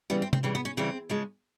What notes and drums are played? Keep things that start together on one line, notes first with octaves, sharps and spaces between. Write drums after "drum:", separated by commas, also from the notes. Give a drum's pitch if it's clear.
C#3 E3 G3 B3
C4
C4, drum: tom C3
C#3 E3 G3 C4
B3
C#4
C#3 E3 G3 C4
C#3 F3 G#3